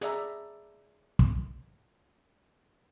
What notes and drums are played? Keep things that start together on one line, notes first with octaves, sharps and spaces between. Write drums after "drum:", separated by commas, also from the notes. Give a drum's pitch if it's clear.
G#4 D5 E5 A#5, drum: hi-hat
drum: kick